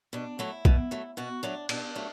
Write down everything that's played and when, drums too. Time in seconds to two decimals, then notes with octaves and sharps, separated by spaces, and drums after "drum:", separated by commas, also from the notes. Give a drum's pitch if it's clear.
0.13 B2 D4
0.39 F#3 A3 E4
0.65 B2, drum: kick
0.91 F#3 A3
1.17 B2 F#4
1.43 F#3 A3 D4
1.69 B2 D4, drum: cymbal
1.96 F#3 A3